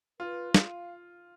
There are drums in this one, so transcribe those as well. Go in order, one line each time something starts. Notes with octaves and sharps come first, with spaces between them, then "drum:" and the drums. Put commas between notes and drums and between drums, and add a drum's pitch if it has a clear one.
F4 B4
F5, drum: snare